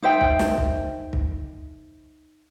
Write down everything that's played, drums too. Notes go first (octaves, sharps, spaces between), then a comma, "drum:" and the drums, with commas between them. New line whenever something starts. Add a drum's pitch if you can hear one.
D#4 C5 E5 G5
drum: kick
drum: snare
drum: kick
drum: kick